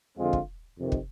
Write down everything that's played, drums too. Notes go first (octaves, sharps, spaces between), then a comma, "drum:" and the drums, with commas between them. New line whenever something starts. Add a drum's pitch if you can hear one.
F2 D3 G#3 C4 F4
drum: kick
F2 C3 D#3
drum: kick